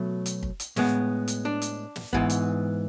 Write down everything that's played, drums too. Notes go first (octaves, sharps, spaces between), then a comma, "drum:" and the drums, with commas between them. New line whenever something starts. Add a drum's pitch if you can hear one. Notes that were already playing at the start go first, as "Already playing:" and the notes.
Already playing: B2 F#3 A3
drum: hi-hat
drum: kick
drum: hi-hat
A2 G#3 B3, drum: snare
drum: hi-hat
D4
drum: hi-hat
drum: snare
G#2 E3 B3, drum: kick
drum: hi-hat